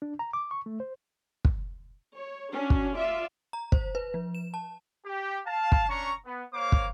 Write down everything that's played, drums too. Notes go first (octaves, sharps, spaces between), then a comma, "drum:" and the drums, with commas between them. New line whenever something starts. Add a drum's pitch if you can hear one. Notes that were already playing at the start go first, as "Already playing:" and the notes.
D4
A#5
D6
C#6
A3
C5
drum: kick
C#5
C#4 D4 F#4
drum: kick
F4 D5 E5
A#5
C5, drum: kick
B4
F3
E7
A5
G4
F5 A5
drum: kick
C#4 D4 A#5 C#6
B3
A#3 C5 C#5 F5 D6
drum: kick